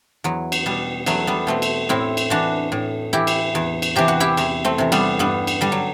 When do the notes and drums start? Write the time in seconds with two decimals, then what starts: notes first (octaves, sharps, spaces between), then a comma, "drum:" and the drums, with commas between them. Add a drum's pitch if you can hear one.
0.24 E2 F#3
0.52 drum: cymbal
0.66 B2 G3
1.06 E2 F#3 A3, drum: cymbal
1.27 G3 B3
1.47 B2 A3 C4
1.62 drum: cymbal
1.89 A2 C4 E4
2.17 drum: cymbal
2.30 E3 D4 F#4
2.72 A2
3.13 E3 E4 G4
3.27 drum: cymbal
3.55 E2
3.82 drum: cymbal
3.96 C3 E3 G4
4.08 F#4
4.20 E4 G4
4.37 E2, drum: cymbal
4.65 A3 C4
4.78 C3 E3
4.92 G3 B3, drum: cymbal
5.19 G2 G3 B3
5.47 drum: cymbal
5.61 D3 G3
5.72 F#3